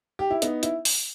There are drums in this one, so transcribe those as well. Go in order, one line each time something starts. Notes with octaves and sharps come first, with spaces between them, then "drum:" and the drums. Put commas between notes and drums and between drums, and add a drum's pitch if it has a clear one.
G4
E4
B3 D#4, drum: hi-hat
E4, drum: hi-hat
drum: open hi-hat